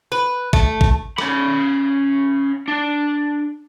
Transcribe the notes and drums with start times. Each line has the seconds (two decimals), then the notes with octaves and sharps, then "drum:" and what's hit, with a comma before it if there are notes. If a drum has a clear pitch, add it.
0.12 B4
0.53 A3, drum: kick G#1
0.81 drum: kick G#1
1.18 C#4 B5, drum: rim click
2.68 D4